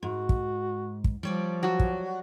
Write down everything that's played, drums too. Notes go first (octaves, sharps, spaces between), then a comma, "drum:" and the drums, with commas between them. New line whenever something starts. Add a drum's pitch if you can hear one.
G#2 F#4
drum: kick
drum: kick
F3 G3 C#5 D5
F#3 F#4
drum: kick